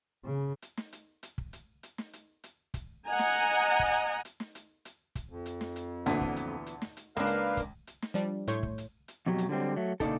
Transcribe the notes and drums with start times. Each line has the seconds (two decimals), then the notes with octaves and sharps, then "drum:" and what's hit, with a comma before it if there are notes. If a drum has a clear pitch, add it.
0.25 C#3
0.62 drum: hi-hat
0.77 drum: snare
0.93 drum: hi-hat
1.23 drum: hi-hat
1.38 drum: kick
1.53 drum: hi-hat
1.83 drum: hi-hat
1.98 drum: snare
2.13 drum: hi-hat
2.44 drum: hi-hat
2.74 drum: kick, hi-hat
3.08 D#5 F#5 G#5 A#5
3.19 drum: snare
3.34 drum: hi-hat
3.64 drum: hi-hat
3.80 drum: kick
3.95 drum: hi-hat
4.25 drum: hi-hat
4.40 drum: snare
4.55 drum: hi-hat
4.85 drum: hi-hat
5.15 drum: kick, hi-hat
5.29 F2
5.46 drum: hi-hat
5.61 drum: snare
5.76 drum: hi-hat
6.06 D2 A#2 D3 E3 B3, drum: hi-hat
6.21 drum: kick
6.36 drum: hi-hat
6.66 drum: hi-hat
6.82 drum: snare
6.97 drum: hi-hat
7.17 C#2 A#3 D4 A#4 B4 F5
7.27 drum: hi-hat
7.57 drum: kick, hi-hat
7.87 drum: hi-hat
8.02 drum: snare
8.14 F3 G3 D4
8.48 A2 A3 C#5 C6 C#6 G6, drum: hi-hat
8.63 drum: kick
8.78 drum: hi-hat
9.08 drum: hi-hat
9.26 F2 B2 F#3 G4
9.38 drum: hi-hat
9.49 D3 F#3 G3 C4
9.76 F#3 A3
10.00 A#2 C#3 D4 D#4 A4, drum: kick, hi-hat